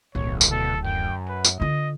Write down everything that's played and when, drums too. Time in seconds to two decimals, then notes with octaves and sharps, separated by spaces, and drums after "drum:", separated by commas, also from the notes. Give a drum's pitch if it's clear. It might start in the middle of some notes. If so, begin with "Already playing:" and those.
0.15 D1 B1 D#3 C#5
0.41 drum: tambourine
0.51 B2 A4
0.84 F#2 G5
1.29 B4
1.45 drum: tambourine
1.60 D3 F4 D#5